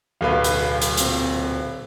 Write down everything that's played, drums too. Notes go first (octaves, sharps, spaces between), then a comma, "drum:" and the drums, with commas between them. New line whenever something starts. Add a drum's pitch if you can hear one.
D1 B1 B4 F5
drum: hi-hat
drum: hi-hat
A#2 C4, drum: hi-hat